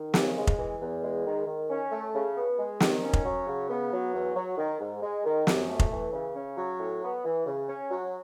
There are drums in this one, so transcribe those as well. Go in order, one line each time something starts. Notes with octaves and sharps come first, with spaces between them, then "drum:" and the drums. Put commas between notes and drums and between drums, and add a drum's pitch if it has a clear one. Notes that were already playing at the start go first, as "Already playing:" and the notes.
Already playing: D#3
C#3, drum: snare
G#3
drum: kick F1
E3
E2
G#3
D#3
D#3
C#4
A3
C#3
B3
G#3
D#3, drum: snare
C#4
drum: kick F1
F#3
C#3
B3
F#3
E2
F#3
D#3
G#2
G#3
D#3
F#2, drum: snare
A3
drum: kick F1
E3
C#3
C#4
F#3
A2
B3
E3
C#3
C#4
F#3